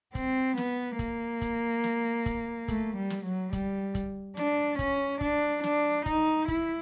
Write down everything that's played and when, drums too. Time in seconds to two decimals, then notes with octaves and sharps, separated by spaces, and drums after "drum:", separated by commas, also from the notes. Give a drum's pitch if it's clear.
0.15 C4, drum: kick, hi-hat
0.57 B3, drum: snare
0.99 A#3, drum: kick, hi-hat
1.41 drum: kick, hi-hat
1.84 drum: snare
2.26 drum: kick, hi-hat
2.68 A3, drum: kick, hi-hat
2.97 G3
3.10 drum: snare
3.25 F#3
3.53 G3, drum: kick, hi-hat
3.95 drum: kick, hi-hat
4.37 D4, drum: snare
4.79 C#4, drum: kick, hi-hat
5.21 D4, drum: kick
5.64 D4, drum: snare
6.06 D#4, drum: kick, hi-hat
6.48 E4, drum: kick, hi-hat